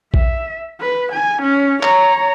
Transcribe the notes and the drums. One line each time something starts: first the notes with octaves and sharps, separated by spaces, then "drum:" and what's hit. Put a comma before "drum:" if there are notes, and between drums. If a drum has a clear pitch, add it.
E5, drum: kick A#1
B4
G#5
C#4
C#5 A#5, drum: clap